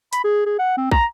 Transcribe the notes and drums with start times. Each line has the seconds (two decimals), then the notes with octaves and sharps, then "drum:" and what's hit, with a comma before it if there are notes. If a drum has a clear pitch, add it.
0.13 B5, drum: hi-hat
0.24 G#4
0.46 G#4
0.59 F#5
0.77 C4
0.91 A#5, drum: kick